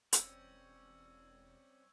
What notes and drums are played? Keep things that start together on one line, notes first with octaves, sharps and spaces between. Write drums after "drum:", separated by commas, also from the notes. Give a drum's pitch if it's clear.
E1 G3 C4 C#4 C#6 E6 G#6, drum: hi-hat